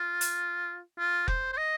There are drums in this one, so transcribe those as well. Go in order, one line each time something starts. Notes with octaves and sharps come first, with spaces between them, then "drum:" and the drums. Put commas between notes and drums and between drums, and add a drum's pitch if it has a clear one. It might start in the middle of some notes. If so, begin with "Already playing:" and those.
Already playing: F4
drum: hi-hat
F4
C5, drum: kick F1
C5
D#5